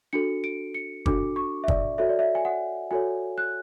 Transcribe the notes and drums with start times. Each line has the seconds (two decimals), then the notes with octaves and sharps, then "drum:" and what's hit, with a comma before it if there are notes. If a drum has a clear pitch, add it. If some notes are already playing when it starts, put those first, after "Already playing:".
0.13 D4 F#4 A4 C#7
0.44 D7
0.74 C#7
1.06 D4 F#4 A4 D6, drum: kick
1.36 C#6
1.64 E5
1.68 D5, drum: kick
1.98 F#4 A4 C#5 E5
2.09 D5
2.19 E5
2.35 G#5
2.45 F#5
2.91 F#4 A4 C#5 G#5
3.38 F#6